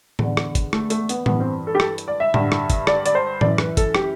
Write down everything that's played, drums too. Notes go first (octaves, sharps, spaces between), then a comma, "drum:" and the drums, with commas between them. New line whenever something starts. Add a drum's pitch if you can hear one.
E2 D3, drum: tom A2
drum: rim click
drum: kick, hi-hat
A3, drum: rim click
A3, drum: hi-hat
B3, drum: hi-hat
G2 E3 B3, drum: tom A2
C4
A4
G4
A4, drum: rim click
drum: hi-hat
D5
E5
G2 D3, drum: tom A2
drum: rim click
drum: kick, hi-hat
D5, drum: rim click
D5, drum: hi-hat
C5
F#2 E3 D5, drum: tom A2
B4, drum: rim click
A4, drum: kick, hi-hat
G4, drum: rim click